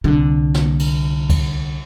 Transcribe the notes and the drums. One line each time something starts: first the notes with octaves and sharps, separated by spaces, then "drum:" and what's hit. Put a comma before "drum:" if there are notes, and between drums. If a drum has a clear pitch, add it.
C2 D3
drum: snare
drum: cymbal
drum: kick D2, cymbal